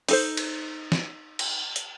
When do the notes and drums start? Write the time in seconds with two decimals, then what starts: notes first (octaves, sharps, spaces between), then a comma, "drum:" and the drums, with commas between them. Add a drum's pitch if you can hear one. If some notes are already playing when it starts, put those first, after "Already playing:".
0.09 D#4 A4 C5, drum: open hi-hat
0.37 drum: cymbal
0.92 drum: snare
1.39 drum: cymbal
1.76 drum: hi-hat